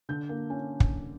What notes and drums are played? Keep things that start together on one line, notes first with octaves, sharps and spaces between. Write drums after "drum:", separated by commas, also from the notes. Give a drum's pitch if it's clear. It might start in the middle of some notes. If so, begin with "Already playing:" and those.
D3 G6
A#3
C#4
drum: kick